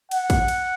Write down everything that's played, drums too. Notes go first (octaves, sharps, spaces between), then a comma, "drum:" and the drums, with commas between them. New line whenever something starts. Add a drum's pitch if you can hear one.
F#5, drum: cymbal
drum: kick, cymbal
drum: cymbal